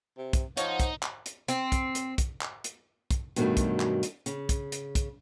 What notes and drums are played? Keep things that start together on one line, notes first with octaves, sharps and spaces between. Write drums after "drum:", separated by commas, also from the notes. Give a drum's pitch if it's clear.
C3
drum: kick, hi-hat
F3 D#4 C5 C#5 F#5, drum: hi-hat
drum: kick, hi-hat
drum: clap
drum: hi-hat
C4, drum: hi-hat
drum: kick, hi-hat
drum: hi-hat
drum: kick, hi-hat
drum: clap
drum: hi-hat
drum: kick, hi-hat
G2 B2 D#3 F3 F#3 A3, drum: hi-hat
drum: kick, hi-hat
drum: clap
drum: hi-hat
C#3, drum: hi-hat
drum: kick, hi-hat
drum: hi-hat
drum: kick, hi-hat